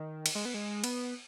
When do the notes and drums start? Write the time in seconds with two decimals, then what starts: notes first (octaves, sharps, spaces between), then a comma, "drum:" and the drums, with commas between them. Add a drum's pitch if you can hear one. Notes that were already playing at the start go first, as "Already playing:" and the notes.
Already playing: D#3
0.26 drum: cymbal
0.35 G#3
0.45 B3
0.54 G#3
0.84 B3, drum: cymbal